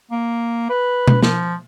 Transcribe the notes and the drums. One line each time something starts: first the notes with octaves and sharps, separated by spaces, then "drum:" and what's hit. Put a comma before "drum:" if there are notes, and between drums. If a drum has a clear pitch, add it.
A#3
B4
drum: tom B2
F3, drum: snare